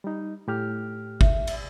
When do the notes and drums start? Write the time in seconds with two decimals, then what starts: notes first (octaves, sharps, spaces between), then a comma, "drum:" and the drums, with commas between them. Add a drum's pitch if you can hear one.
0.04 G3 D#4
0.48 A2 G4 F6
1.21 E5, drum: kick G1
1.47 drum: cymbal